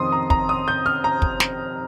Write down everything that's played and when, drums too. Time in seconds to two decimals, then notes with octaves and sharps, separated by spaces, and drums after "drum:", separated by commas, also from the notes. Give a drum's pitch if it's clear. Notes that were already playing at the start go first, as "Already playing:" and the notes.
Already playing: F2 C3 D#3 C4 C6 D#6
0.12 A#5
0.30 A#5, drum: kick
0.49 D#6
0.68 G6
0.86 F6
1.04 A#5
1.22 drum: kick
1.40 drum: snare